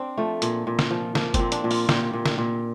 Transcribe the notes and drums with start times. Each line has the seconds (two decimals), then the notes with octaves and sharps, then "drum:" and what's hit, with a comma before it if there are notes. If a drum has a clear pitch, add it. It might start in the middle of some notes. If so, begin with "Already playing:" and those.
Already playing: C4 D4
0.17 F3 A3
0.42 A#2, drum: hi-hat
0.67 A#2
0.79 drum: snare
0.91 F3
1.15 F3 A#3, drum: snare
1.34 C4, drum: kick F#1, hi-hat
1.39 A#2
1.52 D4, drum: hi-hat
1.64 A#2
1.71 F4, drum: open hi-hat
1.89 A#2 G4, drum: snare
2.13 A#2
2.26 drum: snare
2.38 A#2